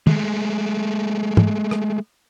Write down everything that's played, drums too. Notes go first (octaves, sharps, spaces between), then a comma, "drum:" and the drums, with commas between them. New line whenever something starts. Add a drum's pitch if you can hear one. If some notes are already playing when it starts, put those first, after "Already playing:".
G#3 A3, drum: tom
drum: tom
drum: rim click